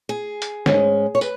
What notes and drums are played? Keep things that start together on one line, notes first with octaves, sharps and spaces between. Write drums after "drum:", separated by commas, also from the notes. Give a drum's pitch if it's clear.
G#4
drum: hi-hat
G#2 G#3 C#4, drum: snare
C#5
B4, drum: tambourine